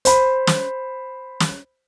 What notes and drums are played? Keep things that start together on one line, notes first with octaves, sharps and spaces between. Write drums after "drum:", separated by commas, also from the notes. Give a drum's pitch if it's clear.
C5 B5, drum: hi-hat
drum: snare
drum: snare